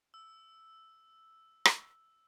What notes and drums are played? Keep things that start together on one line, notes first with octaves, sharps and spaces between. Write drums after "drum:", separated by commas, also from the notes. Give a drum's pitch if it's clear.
E6
drum: rim click